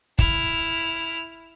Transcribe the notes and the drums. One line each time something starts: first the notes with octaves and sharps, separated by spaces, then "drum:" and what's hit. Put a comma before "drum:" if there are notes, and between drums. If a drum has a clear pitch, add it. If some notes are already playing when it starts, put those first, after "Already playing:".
E4 F6, drum: kick